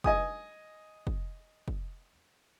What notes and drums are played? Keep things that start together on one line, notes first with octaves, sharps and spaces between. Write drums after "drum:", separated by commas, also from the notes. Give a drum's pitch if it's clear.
D#5 G#5 D#6, drum: kick
drum: kick
drum: kick